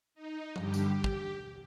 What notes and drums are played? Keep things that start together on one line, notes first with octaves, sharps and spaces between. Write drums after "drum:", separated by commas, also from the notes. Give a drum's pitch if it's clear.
D#4
G2 D3 G3 G4, drum: tom F3
drum: tambourine
drum: kick